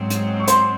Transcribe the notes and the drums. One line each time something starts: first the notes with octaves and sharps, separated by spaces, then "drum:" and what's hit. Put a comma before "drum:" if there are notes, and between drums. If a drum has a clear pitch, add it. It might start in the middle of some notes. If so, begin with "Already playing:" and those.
Already playing: G#2 F#3 C4
drum: hi-hat
C#6
C5 C6, drum: hi-hat